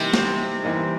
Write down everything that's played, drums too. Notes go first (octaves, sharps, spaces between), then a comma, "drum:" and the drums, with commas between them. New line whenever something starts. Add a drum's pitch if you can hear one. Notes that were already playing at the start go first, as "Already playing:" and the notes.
Already playing: C3 E3 G3 A#3 C4 D#4 G4
drum: snare
E3 G3 A#3 D#4 G4